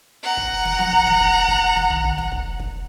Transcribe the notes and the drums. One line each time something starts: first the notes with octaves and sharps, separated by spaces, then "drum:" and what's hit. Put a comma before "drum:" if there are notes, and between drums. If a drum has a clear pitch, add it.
F#5 A#5
drum: kick
drum: snare
drum: tom F3
drum: kick
drum: snare
drum: kick
drum: kick
drum: snare
drum: tom
drum: kick
drum: snare
drum: kick
drum: kick